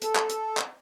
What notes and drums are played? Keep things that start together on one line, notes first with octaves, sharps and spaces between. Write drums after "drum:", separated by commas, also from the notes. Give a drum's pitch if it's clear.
A4, drum: hi-hat
drum: clap
drum: hi-hat
drum: clap